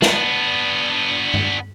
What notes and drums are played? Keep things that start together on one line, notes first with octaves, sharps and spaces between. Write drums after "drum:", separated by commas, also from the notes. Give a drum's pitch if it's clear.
B3 D4, drum: snare
drum: tom G2